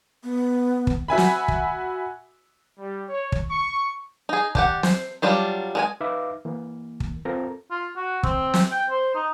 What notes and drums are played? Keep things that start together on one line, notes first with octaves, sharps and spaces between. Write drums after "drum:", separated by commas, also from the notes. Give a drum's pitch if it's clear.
B3
drum: kick
F#4 E5 G#5 B5
drum: snare
drum: kick
G3
C#5
drum: kick
C#6
D#4 G#4
D4 G4 F#5, drum: kick
C5, drum: snare
F#3 G3 D4 F4
G#3 A#4 G#5
D#4 B4 E5 F5 D6
E3 A#3
drum: kick
C4 F4 A4 A#4 A#5
F4
F#4
C4, drum: kick
drum: snare
G5
C5
D#4